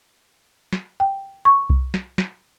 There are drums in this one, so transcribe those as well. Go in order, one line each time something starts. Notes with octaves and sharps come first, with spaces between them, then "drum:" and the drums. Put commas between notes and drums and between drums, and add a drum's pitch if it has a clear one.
drum: snare
G5
C#6
drum: kick C2
drum: snare
drum: snare